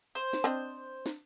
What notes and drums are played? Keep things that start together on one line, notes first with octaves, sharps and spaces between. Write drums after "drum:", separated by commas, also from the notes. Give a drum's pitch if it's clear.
C5
drum: snare
C4 D4 D#5
drum: snare